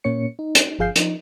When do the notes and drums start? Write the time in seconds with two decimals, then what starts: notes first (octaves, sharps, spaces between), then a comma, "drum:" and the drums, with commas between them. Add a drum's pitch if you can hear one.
0.04 A#2 A#3 C#4 C#5 C#7
0.39 D#4
0.55 drum: hi-hat
0.79 G1 F3 G#4 F5 G6 C7
0.96 F3 D#4, drum: hi-hat